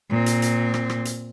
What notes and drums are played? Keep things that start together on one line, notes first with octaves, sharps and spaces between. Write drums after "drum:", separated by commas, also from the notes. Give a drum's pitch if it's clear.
A#2 C4
drum: hi-hat
drum: hi-hat
drum: rim click
drum: rim click
drum: hi-hat